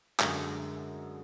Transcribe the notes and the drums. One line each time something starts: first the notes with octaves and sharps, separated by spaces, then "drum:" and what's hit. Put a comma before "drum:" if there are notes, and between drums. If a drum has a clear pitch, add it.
F#2 D3 G#3, drum: clap